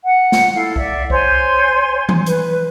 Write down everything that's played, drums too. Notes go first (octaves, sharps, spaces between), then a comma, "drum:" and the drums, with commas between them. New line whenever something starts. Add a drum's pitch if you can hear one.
F#5
drum: snare
E4 A4 F5
D5 E5, drum: kick C2
C5 C#5 G#5 C6, drum: kick C2
drum: tom E3
B4, drum: hi-hat